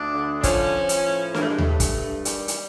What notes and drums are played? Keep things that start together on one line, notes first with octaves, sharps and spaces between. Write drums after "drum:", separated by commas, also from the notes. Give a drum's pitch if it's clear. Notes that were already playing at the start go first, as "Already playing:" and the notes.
Already playing: D2 D4
D3
D4
F3 C#4, drum: kick, hi-hat
F3
drum: hi-hat
A2
G2 A#3, drum: snare
A3
G#3
A3, drum: tom D#2
G2
drum: kick, hi-hat
G2
D#3 G3, drum: hi-hat
drum: hi-hat